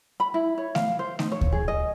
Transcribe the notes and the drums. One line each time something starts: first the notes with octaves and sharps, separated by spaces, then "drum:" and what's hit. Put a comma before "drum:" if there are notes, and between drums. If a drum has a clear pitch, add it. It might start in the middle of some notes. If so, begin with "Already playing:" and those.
B5
E4
C#5
F5, drum: snare A3
C5
D#4, drum: snare A3
C#5
drum: kick D2
G#4
D#5